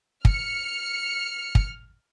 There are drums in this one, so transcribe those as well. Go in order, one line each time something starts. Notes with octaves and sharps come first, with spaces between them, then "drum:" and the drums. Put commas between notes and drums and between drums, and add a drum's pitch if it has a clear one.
F6 C#7, drum: kick
drum: kick